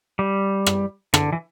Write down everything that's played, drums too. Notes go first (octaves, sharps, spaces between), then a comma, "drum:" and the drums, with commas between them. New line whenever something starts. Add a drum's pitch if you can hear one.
G3
drum: rim click
D3, drum: rim click
E3